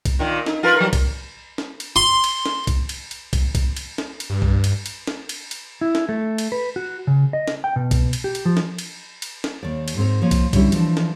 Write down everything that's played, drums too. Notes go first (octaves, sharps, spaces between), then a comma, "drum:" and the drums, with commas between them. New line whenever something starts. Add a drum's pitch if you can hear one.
drum: kick, cymbal
A#2 D#3 F4
D#4, drum: snare
F4 A#4 B4
F#3 A#4
drum: kick, cymbal
drum: snare
drum: cymbal
C6
drum: cymbal
drum: snare
drum: kick, cymbal
drum: cymbal
drum: cymbal
drum: kick, cymbal
drum: kick, cymbal
drum: cymbal
drum: snare
drum: cymbal
G2
drum: kick
drum: cymbal
drum: cymbal
drum: snare
drum: cymbal
drum: cymbal
E4
drum: snare
A3
drum: cymbal
B4
F#4
C#3
D#5
drum: snare
G5
B2
drum: kick, cymbal
drum: cymbal
G4
drum: cymbal
F3
drum: snare
drum: cymbal
drum: cymbal
drum: snare
D#2 D5
drum: cymbal
G#2 C4 A#4
F3 A#3 C#5
drum: kick, cymbal
D3 G3 C#4 E4 G4, drum: kick, cymbal
E3 F3 D4, drum: cymbal
drum: snare